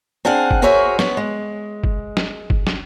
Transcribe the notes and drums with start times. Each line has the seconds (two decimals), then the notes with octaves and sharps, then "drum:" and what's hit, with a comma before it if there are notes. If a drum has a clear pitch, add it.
0.25 C4 D4 G#4 F5 F#5
0.51 drum: kick F#1
0.62 F#4 G#4 A#4 C5 C#5 E5
0.99 B3 C#5, drum: snare
1.17 G#3
1.84 drum: kick F#1
2.17 drum: snare
2.50 drum: kick F#1
2.67 drum: snare